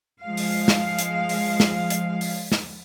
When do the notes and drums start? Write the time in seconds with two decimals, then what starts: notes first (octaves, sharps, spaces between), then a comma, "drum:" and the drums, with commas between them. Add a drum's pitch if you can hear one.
0.22 F3 G#3 F5
0.37 drum: open hi-hat
0.68 drum: snare
0.99 drum: hi-hat
1.29 drum: open hi-hat
1.60 drum: snare
1.90 drum: hi-hat
2.21 drum: open hi-hat
2.52 drum: snare